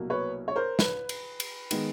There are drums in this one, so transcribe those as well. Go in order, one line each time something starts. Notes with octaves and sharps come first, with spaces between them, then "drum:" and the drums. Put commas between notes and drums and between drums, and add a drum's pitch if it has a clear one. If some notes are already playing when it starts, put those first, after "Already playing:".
Already playing: C2 B2 F#3 A#3
B4 C#5
C#5
A#4 C5
B4, drum: snare
drum: cymbal
drum: cymbal
D#3 G#3 B3, drum: cymbal